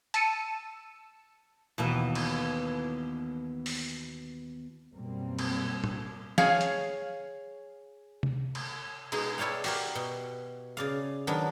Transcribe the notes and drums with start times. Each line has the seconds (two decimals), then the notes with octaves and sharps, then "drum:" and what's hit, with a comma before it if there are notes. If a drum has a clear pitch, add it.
0.14 A5 E6 C#7 D#7, drum: hi-hat
1.78 D#2 B2 E3
2.15 drum: cymbal
3.66 drum: open hi-hat
4.92 F#2 B2 G3 A#3 C4
5.39 drum: cymbal
5.84 drum: tom A2
6.38 G#4 C#5 F5, drum: snare
6.61 drum: hi-hat
8.23 drum: tom C3
8.55 drum: cymbal
9.12 B2 G#3 D#4, drum: cymbal
9.38 E4 C#5 D5 F5 G5
9.64 F#4 G4 A#4, drum: open hi-hat
9.95 B2
10.77 C#3 D5 F5
11.27 D#3 F#3 B3 D4 D5